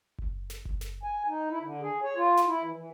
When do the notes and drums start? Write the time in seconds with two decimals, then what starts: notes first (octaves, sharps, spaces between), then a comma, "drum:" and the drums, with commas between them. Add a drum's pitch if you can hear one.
0.18 drum: kick F#1
0.50 drum: snare
0.65 drum: kick F#1
0.81 drum: snare
1.03 G#5
1.28 D#4
1.50 E4
1.63 D3
1.82 G#4
2.02 C#5
2.16 F4
2.37 drum: snare
2.46 E4
2.63 E3
2.76 E3